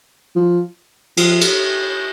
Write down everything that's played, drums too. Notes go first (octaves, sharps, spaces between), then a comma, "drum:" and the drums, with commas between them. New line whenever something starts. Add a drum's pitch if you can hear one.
F3
F3, drum: cymbal
drum: cymbal